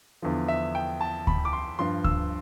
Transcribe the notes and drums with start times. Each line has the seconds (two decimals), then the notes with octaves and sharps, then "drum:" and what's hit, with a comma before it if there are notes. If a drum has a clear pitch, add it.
0.22 E2 D3 F3
0.48 E5
0.75 G5
1.01 A5
1.27 B5, drum: kick D2
1.45 D6
1.53 C6
1.79 G2 F3 C6
2.04 E6, drum: kick D2